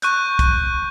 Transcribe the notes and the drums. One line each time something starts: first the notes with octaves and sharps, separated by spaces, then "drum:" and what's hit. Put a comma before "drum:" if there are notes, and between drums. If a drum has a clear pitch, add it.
C#6 F#6 G6, drum: hi-hat
drum: kick, hi-hat